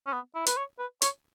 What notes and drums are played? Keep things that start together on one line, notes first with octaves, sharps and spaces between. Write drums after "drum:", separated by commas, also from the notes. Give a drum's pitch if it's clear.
C#4
B3
E4
B4, drum: hi-hat
C#5
B4
C#5, drum: hi-hat